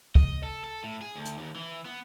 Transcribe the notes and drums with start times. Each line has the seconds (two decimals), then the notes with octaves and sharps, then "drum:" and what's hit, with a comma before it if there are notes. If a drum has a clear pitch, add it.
0.15 D#5, drum: kick
0.43 A4
0.64 A4
0.84 A2
1.01 G#4
1.16 D2
1.25 drum: hi-hat
1.38 D#2
1.56 E3
1.85 B3